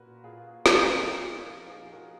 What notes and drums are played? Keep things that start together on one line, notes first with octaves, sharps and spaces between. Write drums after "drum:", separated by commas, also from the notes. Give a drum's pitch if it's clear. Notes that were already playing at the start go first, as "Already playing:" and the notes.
Already playing: A#2 F#4 A#4 B4
A#2 F4 G#4
D#4, drum: snare
F4
G#3 F4
D#4
F3 F4
F4 G#4
G#4
F3 F#4 A#4